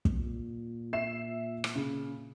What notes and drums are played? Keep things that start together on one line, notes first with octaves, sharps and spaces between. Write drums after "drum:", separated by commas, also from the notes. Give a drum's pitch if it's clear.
drum: kick
A#2
E5 C7 E7
drum: rim click
C#3